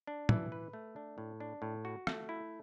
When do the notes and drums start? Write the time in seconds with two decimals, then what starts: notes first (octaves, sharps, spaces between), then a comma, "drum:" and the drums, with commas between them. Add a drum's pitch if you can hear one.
0.07 D4
0.29 E3, drum: tom
0.52 B4
0.73 A3
0.96 D4
1.18 A2
1.40 D4
1.62 A2
1.85 F#4
2.07 A3, drum: rim click
2.29 E4